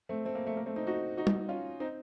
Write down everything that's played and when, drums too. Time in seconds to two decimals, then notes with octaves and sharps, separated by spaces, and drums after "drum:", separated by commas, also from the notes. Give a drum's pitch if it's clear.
0.09 A3 C4
0.25 A3 C4
0.35 A#3
0.47 A3
0.57 A#3
0.66 A3 C4
0.76 C4 D#4
0.87 D#4 F#4
1.17 D#4 F#4
1.27 drum: tom
1.49 C#4 F4
1.80 C4 D#4